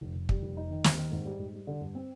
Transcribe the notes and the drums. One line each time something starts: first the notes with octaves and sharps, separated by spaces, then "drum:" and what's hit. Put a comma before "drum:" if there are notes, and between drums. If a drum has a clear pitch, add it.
F1
F1
G3, drum: kick
F1
D#4
D#3
D#2, drum: snare
D#3
G#2
G3
G#2
G3
D3
G2
C4